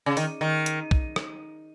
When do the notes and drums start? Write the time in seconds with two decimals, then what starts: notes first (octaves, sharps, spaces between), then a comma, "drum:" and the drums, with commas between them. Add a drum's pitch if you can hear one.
0.06 C#3
0.17 D#3, drum: open hi-hat
0.41 D#3
0.66 drum: hi-hat
0.91 drum: kick
1.16 drum: rim click